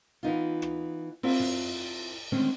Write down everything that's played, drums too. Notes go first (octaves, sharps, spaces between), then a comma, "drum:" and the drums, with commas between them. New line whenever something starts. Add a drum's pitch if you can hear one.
E3 B3 D#4 F4
drum: rim click
C4 E4 F4 C5, drum: cymbal
drum: tom F#2
D3 D#3 G#3 A3 C4 C#4